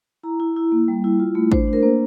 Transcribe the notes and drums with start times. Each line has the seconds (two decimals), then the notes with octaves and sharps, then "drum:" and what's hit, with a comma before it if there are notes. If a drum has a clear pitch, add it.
0.23 E4 A#5
0.40 E4
0.56 E4
0.72 A#3
0.88 G3
1.04 E4
1.20 F4
1.35 A3
1.52 D4 C5, drum: kick
1.68 D4
1.73 A#4
1.83 A#3 C5